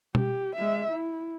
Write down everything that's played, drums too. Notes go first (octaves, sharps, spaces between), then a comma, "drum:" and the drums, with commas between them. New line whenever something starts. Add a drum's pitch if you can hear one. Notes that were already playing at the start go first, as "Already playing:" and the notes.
G4, drum: tom B2
G#3 E5
E4